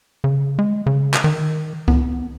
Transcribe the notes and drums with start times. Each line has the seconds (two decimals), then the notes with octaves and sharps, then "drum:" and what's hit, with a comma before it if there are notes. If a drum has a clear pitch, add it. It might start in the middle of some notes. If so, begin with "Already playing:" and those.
0.24 C#3
0.59 G#3
0.86 C#3
1.14 drum: clap
1.24 D#3
1.88 B3, drum: kick C#2